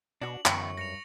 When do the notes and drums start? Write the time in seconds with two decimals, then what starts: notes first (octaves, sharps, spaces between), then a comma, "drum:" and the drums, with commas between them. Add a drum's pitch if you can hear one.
0.22 B2 D4 F#4 F#7
0.46 F#2 D3 E3 B3 C#6 C#7, drum: clap
0.77 G2 A#6 C#7 F7